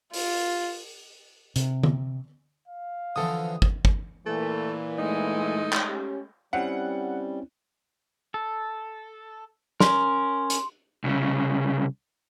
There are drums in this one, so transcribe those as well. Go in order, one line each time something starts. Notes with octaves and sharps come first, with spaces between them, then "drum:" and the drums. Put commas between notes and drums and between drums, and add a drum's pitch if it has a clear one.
F4, drum: open hi-hat
C3, drum: hi-hat
drum: tom D3
F5
D3 E3 F3 A4 D#6
drum: kick
drum: kick
A#2 E3 A3 A#3
G#3 A3 D#4
drum: clap
C#4 G4
G3 C4 C#4 E4 F#5
A4
C#4 A#4 C6, drum: snare
drum: hi-hat
C2 C#3